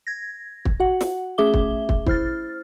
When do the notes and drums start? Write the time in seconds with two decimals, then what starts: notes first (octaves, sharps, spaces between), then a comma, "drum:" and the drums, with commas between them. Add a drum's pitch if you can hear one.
0.07 G#6 A#6
0.65 drum: kick
0.80 F#4 F#5
1.01 drum: snare
1.38 A3 C#4 G#4 E5 D6 G7
1.54 drum: kick
1.89 drum: kick
2.06 E4 C5 F6 A6, drum: kick